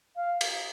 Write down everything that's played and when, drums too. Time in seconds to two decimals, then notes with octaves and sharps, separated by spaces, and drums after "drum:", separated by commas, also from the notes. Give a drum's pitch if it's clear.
0.16 F5
0.41 drum: cymbal